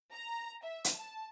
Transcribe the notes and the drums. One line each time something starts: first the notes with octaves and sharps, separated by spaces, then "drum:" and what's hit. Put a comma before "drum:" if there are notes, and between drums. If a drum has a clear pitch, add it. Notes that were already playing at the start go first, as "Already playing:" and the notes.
A#5
E5
drum: hi-hat
A5